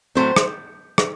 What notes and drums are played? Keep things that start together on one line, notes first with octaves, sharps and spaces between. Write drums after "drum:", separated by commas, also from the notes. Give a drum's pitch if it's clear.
A2 F#3 A3 C4 C5
drum: rim click
drum: rim click